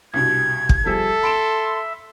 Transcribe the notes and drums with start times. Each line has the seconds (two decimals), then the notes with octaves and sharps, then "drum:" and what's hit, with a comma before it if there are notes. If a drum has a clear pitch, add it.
0.14 C2 G2 B2 G#6
0.69 drum: kick
0.86 F3 G3 G#4 A4 E5
1.23 B5 C6 D7 E7